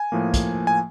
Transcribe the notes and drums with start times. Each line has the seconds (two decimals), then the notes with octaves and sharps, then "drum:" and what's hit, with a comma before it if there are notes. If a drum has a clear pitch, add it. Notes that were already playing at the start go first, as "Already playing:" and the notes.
Already playing: G#5
0.12 A2 F3 A#3
0.34 drum: kick, hi-hat
0.67 G#5